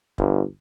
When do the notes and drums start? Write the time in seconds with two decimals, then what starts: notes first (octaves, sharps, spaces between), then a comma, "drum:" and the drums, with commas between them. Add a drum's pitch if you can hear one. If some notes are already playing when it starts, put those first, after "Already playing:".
0.18 G1, drum: kick